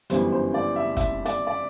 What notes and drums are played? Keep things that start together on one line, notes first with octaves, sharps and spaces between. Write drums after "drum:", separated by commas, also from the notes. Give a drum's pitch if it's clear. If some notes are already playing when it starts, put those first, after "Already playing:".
G1 F#2 E3 G3 C5, drum: hi-hat
C5
D5
E5
E5, drum: kick, hi-hat
D5, drum: hi-hat
D5